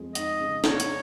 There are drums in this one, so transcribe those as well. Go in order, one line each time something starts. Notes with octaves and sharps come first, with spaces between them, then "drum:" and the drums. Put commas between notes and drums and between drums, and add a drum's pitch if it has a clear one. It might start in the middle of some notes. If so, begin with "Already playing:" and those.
Already playing: F2 G#3
D#4 D#5, drum: hi-hat
C#3
G#3 C#5, drum: snare
drum: hi-hat